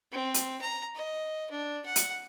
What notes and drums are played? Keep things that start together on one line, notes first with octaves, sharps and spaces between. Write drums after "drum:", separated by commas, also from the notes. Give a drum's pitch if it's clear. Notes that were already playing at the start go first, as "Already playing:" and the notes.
C4
drum: hi-hat
A#5
D#5
D4
F#5
drum: hi-hat